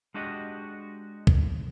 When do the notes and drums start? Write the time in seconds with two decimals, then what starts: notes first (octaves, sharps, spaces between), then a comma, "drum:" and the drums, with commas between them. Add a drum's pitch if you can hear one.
0.14 G#3 D4 F#4 G4 D#5
1.27 drum: kick B1